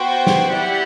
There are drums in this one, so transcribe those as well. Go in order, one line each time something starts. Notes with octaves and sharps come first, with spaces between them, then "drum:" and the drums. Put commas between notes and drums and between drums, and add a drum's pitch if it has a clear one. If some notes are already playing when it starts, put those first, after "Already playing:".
Already playing: B3 F#4 C5 G5
drum: snare
E4 G4 D5 F#5